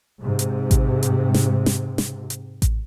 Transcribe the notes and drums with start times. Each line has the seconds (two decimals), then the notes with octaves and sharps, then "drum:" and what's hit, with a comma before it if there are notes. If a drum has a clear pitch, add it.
0.23 G#2 C3
0.39 drum: hi-hat
0.71 drum: kick A1, hi-hat
1.03 drum: hi-hat
1.34 drum: snare
1.66 drum: snare
1.98 drum: snare
2.30 drum: hi-hat
2.62 drum: kick A1, hi-hat